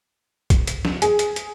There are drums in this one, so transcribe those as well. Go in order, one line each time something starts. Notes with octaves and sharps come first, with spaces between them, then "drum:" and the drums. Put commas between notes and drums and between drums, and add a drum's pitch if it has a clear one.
drum: kick, hi-hat
drum: hi-hat
drum: snare
G#4, drum: hi-hat
drum: hi-hat
drum: hi-hat